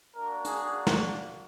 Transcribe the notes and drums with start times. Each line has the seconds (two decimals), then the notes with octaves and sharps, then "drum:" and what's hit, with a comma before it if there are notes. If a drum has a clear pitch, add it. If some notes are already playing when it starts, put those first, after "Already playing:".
0.15 A#3 D4 F#4 A#4
0.45 G#4, drum: hi-hat
0.87 drum: snare